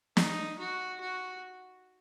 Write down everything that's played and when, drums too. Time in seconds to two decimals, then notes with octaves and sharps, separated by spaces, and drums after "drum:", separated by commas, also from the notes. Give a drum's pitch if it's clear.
0.17 D#4, drum: snare
0.59 F#4
1.01 F#4